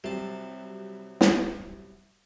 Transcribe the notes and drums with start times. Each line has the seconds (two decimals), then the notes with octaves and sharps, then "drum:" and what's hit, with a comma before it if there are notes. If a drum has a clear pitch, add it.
0.04 C2 C3 F#3 G3 A5
1.21 drum: snare